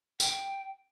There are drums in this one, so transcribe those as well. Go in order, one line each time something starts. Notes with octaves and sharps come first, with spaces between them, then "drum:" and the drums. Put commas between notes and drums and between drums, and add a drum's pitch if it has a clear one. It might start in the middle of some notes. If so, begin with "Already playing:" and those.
G5, drum: tambourine